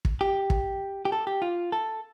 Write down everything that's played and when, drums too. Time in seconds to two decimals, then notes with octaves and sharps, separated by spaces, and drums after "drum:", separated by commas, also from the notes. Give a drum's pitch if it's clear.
0.05 drum: kick
0.21 G4
0.50 drum: kick
1.05 G4
1.12 A4
1.27 G4
1.42 F4
1.72 A4